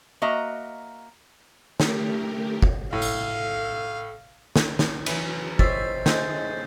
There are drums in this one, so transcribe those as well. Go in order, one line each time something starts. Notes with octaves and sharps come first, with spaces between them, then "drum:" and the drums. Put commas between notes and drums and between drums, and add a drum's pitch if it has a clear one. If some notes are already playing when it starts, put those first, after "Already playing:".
A#3 F#4 D#5 E5 A#5
A3 G4 A#4, drum: snare
drum: kick
A2 A4 F5
drum: tambourine
drum: snare
drum: snare
E3 F#3, drum: cymbal
C4 C5 C#5 D#5 E5 A6 C7, drum: kick
G#3 G6, drum: snare